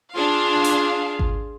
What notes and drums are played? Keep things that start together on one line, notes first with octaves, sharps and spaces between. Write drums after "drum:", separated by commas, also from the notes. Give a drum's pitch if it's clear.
D4 F4 G#4 F5
drum: hi-hat
drum: kick G#1